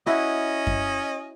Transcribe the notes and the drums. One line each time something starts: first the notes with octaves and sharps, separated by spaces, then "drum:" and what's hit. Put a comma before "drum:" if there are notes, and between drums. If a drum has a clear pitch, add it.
C#4 E4 F#4 D#5
drum: kick F#2